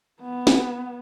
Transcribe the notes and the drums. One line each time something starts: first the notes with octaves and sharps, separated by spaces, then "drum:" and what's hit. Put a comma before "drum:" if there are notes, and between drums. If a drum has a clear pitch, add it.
B3
drum: snare